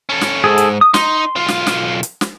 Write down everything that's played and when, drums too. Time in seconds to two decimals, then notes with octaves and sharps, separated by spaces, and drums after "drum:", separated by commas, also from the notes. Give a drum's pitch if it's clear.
0.09 C#4 A4
0.21 drum: snare
0.44 G#2 G#4 A4
0.58 drum: hi-hat
0.81 D#6
0.94 D#4 C6, drum: snare
1.36 B1 F4
1.48 drum: snare
1.67 drum: snare
2.03 drum: hi-hat
2.21 drum: snare